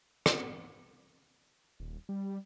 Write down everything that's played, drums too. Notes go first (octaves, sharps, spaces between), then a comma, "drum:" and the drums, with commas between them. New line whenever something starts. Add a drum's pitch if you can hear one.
drum: rim click
D#1
G3